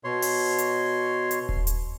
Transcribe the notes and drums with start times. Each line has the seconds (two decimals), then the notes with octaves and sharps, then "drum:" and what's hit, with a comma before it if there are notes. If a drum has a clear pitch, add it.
0.04 B2 C#5 C6
0.22 drum: open hi-hat
0.58 drum: hi-hat
1.31 drum: hi-hat
1.49 drum: kick D#1
1.67 drum: hi-hat